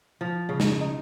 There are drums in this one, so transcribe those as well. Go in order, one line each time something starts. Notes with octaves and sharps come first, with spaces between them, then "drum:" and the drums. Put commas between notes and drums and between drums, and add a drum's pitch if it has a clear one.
F3
C#3
drum: snare
D#4